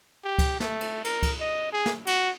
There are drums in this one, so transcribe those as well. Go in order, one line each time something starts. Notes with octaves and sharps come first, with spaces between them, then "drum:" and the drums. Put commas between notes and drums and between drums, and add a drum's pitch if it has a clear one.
G4
drum: kick C#2, cymbal
A3, drum: snare
drum: cymbal
A#4, drum: cymbal
drum: kick C#2, cymbal
D#5
G#4
drum: snare
F#4, drum: cymbal